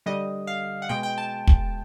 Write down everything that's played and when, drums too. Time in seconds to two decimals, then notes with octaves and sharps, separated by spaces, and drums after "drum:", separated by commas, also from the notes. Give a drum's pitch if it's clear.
0.06 D3 G3 D#5
0.47 F5
0.82 F#5
0.89 B2 G#3 G5
1.03 G5
1.18 A5
1.47 drum: kick